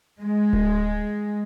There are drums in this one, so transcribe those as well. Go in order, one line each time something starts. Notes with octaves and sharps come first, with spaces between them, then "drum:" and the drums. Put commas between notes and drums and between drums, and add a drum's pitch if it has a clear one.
G#3
drum: kick D1